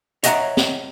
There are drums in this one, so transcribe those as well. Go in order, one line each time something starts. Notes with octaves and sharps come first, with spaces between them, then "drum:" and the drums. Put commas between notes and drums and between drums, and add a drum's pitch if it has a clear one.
C#5 D#5 E5 F#5 A#5, drum: hi-hat
drum: snare